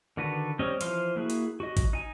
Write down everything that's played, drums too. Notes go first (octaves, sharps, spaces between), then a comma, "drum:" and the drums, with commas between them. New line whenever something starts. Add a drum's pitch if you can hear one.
D3 D#3 F#4 A4 B4
G3 C4 C#4 C#5 D#5
E3 F3 C5 F5 C6, drum: hi-hat
A#3 E4 F#4 G#4
drum: hi-hat
F#4 D#5
drum: kick G#1, hi-hat
D#4 G#5